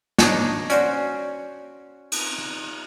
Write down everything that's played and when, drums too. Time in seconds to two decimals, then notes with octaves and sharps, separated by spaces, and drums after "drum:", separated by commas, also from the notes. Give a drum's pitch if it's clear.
0.18 D4 D#4 C#5, drum: snare
0.70 C#4 F#4 C5 D5, drum: hi-hat
2.12 drum: cymbal